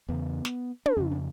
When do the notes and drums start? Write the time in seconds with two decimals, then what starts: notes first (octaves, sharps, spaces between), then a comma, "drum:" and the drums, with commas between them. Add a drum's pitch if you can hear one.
0.09 E2 C#3 B3
0.45 drum: snare
0.86 D4, drum: tom
0.97 F2 C#3 C#4
1.11 D4